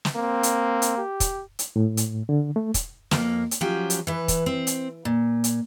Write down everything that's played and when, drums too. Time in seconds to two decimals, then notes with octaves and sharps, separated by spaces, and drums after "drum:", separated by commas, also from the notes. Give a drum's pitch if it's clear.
0.05 drum: snare
0.16 A#3 C4
0.43 drum: hi-hat
0.82 drum: hi-hat
0.98 G4
1.20 drum: kick, hi-hat
1.59 drum: hi-hat
1.76 A2
1.97 drum: hi-hat
2.29 D3
2.56 A3
2.74 drum: kick, hi-hat
3.11 F2 A#3, drum: snare
3.51 drum: hi-hat
3.61 F3 F#3 C#4 G4
3.90 drum: hi-hat
4.07 E3 B4
4.28 drum: kick, hi-hat
4.46 C4
4.67 drum: hi-hat
5.05 A#2
5.44 drum: hi-hat